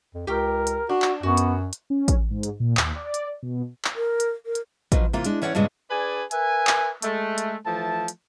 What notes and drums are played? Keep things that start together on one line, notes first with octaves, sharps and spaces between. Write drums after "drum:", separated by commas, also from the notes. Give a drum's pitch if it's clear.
F2
C#2 G4 A#4 G5
drum: hi-hat
D4 F#4
drum: clap
F#2 B3 F#4
drum: hi-hat
drum: hi-hat
C#4
drum: kick A1, hi-hat
G#2
drum: hi-hat
A#2
D#2, drum: clap
D5
drum: hi-hat
B2
drum: clap
A#4
drum: hi-hat
A#4
drum: hi-hat
B2 F3 F#3, drum: kick A1, hi-hat
C3 E3 A#3 F4
G#3 D4, drum: hi-hat
E3 C#4 C#5 D5 E5 F#5
G2 A#2 C#3 G#3 B3
D4 G#4 B4 D5 G#5
A#4 B4 E5 G#5, drum: hi-hat
drum: clap
G#3 A3, drum: hi-hat
drum: hi-hat
E3 F3 A3 A5
drum: hi-hat